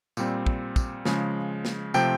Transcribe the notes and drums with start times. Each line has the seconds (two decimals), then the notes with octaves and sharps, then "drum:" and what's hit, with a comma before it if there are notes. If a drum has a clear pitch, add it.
0.17 A#2 G3 C4, drum: tambourine
0.46 drum: kick
0.76 drum: kick, tambourine
1.05 C#3 F3 G#3, drum: snare
1.65 drum: snare
1.94 C3 F3 A3 C4 G5, drum: tambourine